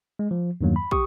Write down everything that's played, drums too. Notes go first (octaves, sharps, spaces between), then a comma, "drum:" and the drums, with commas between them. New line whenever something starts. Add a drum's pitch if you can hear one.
G#3
F3
E2 G2 D#3 F#3 A#3
B5
G4 C#6 D#6, drum: kick